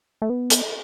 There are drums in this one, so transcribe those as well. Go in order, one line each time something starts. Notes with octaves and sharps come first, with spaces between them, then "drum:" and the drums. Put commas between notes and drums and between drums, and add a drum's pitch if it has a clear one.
A3
B3
drum: hi-hat